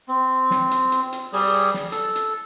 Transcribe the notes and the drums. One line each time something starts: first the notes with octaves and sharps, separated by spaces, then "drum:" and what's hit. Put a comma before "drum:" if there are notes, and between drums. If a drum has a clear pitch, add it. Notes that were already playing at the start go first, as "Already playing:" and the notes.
C4
drum: snare
drum: hi-hat
drum: hi-hat
drum: hi-hat
G3 G#4, drum: open hi-hat
drum: snare
A4, drum: hi-hat
drum: hi-hat